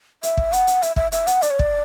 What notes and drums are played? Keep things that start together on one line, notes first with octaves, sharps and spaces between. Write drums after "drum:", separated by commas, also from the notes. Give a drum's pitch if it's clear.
E5, drum: hi-hat
drum: kick
F#5, drum: hi-hat
drum: hi-hat
E5, drum: hi-hat
E5, drum: kick
E5, drum: hi-hat
F#5, drum: hi-hat
D5, drum: hi-hat
C#5
D5, drum: kick